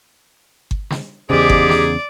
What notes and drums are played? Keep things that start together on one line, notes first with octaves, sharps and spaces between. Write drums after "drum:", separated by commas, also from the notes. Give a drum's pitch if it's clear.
drum: kick G1
drum: snare
E2 G#2 C#3 G4 G#4 D5
drum: kick G1
drum: snare